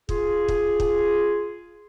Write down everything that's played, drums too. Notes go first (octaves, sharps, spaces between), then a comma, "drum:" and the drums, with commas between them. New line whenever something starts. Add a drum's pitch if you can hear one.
F4 G#4, drum: kick
drum: kick
drum: kick